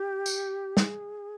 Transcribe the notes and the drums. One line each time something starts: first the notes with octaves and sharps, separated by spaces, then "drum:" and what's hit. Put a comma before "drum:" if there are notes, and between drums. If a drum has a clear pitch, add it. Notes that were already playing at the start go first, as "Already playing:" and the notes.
Already playing: G4
drum: tambourine
G#4, drum: snare